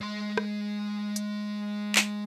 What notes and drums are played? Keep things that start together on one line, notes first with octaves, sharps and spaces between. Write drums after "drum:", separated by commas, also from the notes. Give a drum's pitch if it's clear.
G#3 C6
drum: rim click
drum: hi-hat
drum: clap